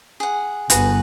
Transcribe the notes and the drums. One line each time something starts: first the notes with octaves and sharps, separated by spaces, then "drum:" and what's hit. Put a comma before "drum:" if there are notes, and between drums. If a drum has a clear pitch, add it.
G#4 F#5
G1 F#4 G#4 B4, drum: hi-hat